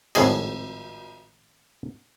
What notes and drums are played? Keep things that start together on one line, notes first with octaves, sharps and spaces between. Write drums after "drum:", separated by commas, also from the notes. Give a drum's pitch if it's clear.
G#1 F2 A2 G#4 D#5, drum: cymbal